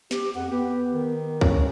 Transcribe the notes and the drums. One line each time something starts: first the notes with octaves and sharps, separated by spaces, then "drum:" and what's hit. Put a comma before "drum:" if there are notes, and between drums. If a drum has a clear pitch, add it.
G4, drum: snare
F2 F#5
B3 G4
D#3
C#4, drum: kick B1